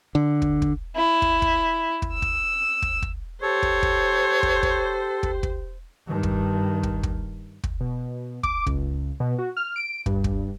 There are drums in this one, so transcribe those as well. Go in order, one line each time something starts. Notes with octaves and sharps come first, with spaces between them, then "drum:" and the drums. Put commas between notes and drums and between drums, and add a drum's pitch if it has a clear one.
D3
drum: kick
drum: kick
E4
drum: kick
drum: kick
drum: kick
E6
drum: kick
drum: kick
drum: kick
G4 A4 C5 C#5
drum: kick
drum: kick
drum: kick
drum: kick
drum: kick
drum: kick
G2 D#3
drum: kick
drum: kick
drum: kick
drum: kick
B2
D6, drum: kick
C#2, drum: kick
B2
F#4
F6
D7
G2, drum: kick
drum: kick